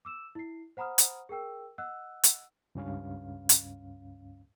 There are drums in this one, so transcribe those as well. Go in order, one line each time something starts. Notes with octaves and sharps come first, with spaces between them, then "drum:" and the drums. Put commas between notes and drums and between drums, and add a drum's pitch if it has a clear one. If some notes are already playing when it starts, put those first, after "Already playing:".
D6 E6 E7
E4 C7
C5 F#5 A#5 B5 D#6 F6
drum: hi-hat
G#4 A#4 G5 E6
D#5 F#5 E6 F#6
drum: hi-hat
C#2 G2 C#4 F5
drum: hi-hat